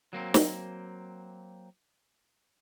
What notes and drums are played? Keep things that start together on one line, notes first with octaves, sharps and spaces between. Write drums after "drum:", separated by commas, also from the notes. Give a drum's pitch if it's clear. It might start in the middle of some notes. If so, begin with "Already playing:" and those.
F#3 A#3 C4
drum: snare